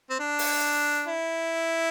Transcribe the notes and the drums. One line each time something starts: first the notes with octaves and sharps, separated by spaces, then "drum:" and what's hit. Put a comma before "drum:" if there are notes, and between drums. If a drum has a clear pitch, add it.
C4
D4
drum: open hi-hat
E4